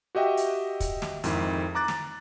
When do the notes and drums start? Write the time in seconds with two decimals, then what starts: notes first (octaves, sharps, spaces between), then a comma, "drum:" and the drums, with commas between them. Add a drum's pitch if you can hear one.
0.15 F#4 G4 D#5 E5 G5
0.37 drum: hi-hat
0.80 drum: kick, hi-hat
1.02 drum: snare
1.24 F2 G#2 D#3 E4, drum: hi-hat
1.75 A#5 D6 F#6 A6
1.88 drum: snare